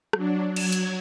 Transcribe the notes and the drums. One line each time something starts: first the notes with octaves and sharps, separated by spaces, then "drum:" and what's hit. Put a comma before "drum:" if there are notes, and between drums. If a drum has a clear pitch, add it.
F#3 D4, drum: rim click
F#3 G#6, drum: cymbal
drum: hi-hat